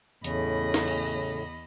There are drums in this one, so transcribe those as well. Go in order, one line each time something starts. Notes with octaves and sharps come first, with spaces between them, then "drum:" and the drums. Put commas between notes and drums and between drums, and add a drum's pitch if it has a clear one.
E2 A2 C#3 D#5 B5, drum: hi-hat
drum: snare
drum: cymbal